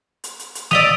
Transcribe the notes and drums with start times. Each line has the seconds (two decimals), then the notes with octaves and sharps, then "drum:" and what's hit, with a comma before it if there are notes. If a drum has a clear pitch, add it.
0.24 drum: hi-hat
0.39 drum: hi-hat
0.55 drum: hi-hat
0.71 D5 D#5 D#6 E6 B6 F7, drum: snare